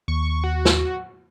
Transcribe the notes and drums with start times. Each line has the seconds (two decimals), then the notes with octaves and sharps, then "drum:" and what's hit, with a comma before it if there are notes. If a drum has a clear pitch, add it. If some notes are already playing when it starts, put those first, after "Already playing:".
0.08 D#2 C#6
0.44 F#4
0.65 drum: snare